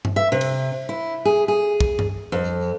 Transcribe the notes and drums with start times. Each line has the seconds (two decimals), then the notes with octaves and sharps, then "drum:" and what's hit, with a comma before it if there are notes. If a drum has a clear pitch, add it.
0.05 drum: tom G2
0.16 E5
0.32 C3
0.41 drum: cymbal
0.89 E4
1.25 G#4
1.48 G#4
1.80 drum: kick
1.99 drum: tom G2
2.32 F2